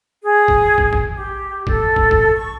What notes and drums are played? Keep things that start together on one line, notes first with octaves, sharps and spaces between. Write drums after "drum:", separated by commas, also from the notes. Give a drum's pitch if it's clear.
G#4
drum: kick
drum: kick
drum: kick
G4
A4, drum: kick
drum: kick
drum: kick
C#6